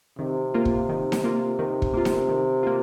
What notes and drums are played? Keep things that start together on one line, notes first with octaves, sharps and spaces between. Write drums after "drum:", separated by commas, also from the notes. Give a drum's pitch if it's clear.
C3 D#3
A#3 F4
drum: kick
D#3
drum: snare D#4
A#3 F4
D#3
drum: kick
A#3 F4
drum: snare D#4
D#3
A#3 F4